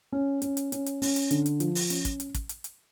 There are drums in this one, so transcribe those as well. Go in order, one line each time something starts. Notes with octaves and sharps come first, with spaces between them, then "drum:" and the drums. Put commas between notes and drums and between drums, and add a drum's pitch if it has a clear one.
C#4
C#4, drum: hi-hat
drum: hi-hat
C#4, drum: hi-hat
drum: hi-hat
C#4, drum: open hi-hat
drum: hi-hat
D3, drum: hi-hat
drum: hi-hat
F3, drum: hi-hat
drum: open hi-hat
C#4, drum: hi-hat
drum: kick, hi-hat
drum: hi-hat
drum: kick, hi-hat
drum: hi-hat
drum: hi-hat